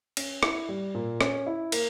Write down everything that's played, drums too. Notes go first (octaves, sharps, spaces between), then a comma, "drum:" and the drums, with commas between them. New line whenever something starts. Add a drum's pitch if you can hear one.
C#4, drum: cymbal
E4, drum: rim click
G3
A#2
C#4, drum: rim click
E4
A#3, drum: cymbal